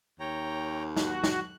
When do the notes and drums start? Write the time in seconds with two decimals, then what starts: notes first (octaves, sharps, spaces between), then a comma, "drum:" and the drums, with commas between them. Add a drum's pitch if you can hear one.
0.20 D#2 C#5 G5 A#5
0.96 F#4 F#6, drum: snare
1.24 drum: snare